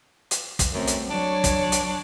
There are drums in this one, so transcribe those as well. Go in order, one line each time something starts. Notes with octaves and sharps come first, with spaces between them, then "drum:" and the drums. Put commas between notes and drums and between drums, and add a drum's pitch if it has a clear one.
drum: hi-hat
drum: kick, hi-hat
F#2 A3 C4
drum: hi-hat
F#3 D4 C#5
drum: kick, hi-hat
drum: hi-hat